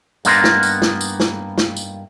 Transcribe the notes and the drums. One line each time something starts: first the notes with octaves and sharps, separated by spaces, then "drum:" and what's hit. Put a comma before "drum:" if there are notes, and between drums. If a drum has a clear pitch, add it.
G2 A#3 B3 D#4 A#4 C6, drum: tambourine
drum: snare
drum: tambourine
drum: snare
drum: tambourine
drum: snare
drum: snare
drum: tambourine